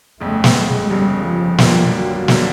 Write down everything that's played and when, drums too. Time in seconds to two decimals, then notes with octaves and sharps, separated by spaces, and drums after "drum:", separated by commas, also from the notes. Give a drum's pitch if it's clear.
0.20 G1 F2 C#3 A3
0.44 drum: snare
0.56 G#3
0.90 G1 F2 C#3 G3
1.24 F3
1.58 F2 D3 F3 G3 A#3, drum: snare
1.93 F#3
2.28 D3 G3 A#3, drum: snare